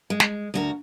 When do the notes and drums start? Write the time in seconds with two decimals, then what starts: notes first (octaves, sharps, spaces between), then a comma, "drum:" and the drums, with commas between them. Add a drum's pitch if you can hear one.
0.10 G#3
0.20 drum: snare
0.54 D2 F#4 A#4